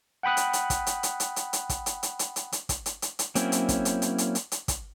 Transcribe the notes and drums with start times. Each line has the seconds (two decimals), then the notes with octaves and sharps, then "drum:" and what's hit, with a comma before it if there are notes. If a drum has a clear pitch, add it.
0.23 F#5 G5 B5 D#6 F#6
0.37 drum: hi-hat
0.53 drum: hi-hat
0.70 drum: kick, hi-hat
0.87 drum: hi-hat
1.03 drum: hi-hat
1.20 drum: hi-hat
1.36 drum: hi-hat
1.53 drum: hi-hat
1.69 drum: kick, hi-hat
1.86 drum: hi-hat
2.03 drum: hi-hat
2.19 drum: hi-hat
2.36 drum: hi-hat
2.52 drum: hi-hat
2.69 drum: kick, hi-hat
2.86 drum: hi-hat
3.02 drum: hi-hat
3.19 drum: hi-hat
3.35 F#3 A#3 C4 C#4 E4, drum: hi-hat
3.52 drum: hi-hat
3.69 drum: kick, hi-hat
3.85 drum: hi-hat
4.02 drum: hi-hat
4.18 drum: hi-hat
4.35 drum: hi-hat
4.52 drum: hi-hat
4.68 drum: kick, hi-hat